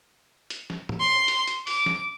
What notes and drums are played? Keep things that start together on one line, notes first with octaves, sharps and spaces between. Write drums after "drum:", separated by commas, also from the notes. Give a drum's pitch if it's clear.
drum: hi-hat
drum: snare
drum: tom
C6
drum: hi-hat
drum: hi-hat
D6, drum: open hi-hat
drum: snare